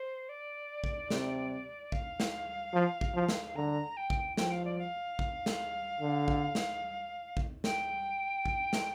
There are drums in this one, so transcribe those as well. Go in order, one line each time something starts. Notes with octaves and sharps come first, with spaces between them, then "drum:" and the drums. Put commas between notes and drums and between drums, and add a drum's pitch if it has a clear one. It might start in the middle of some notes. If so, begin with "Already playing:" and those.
Already playing: C5
D5
drum: kick
C3, drum: snare
F5, drum: kick
drum: snare
F3
drum: kick
F3
drum: snare
D3 A#5
G5
drum: kick
F3 G5, drum: snare
F5
D5
F5
drum: kick
drum: snare
D3
drum: kick
drum: snare
drum: kick
G5, drum: snare
drum: kick
drum: snare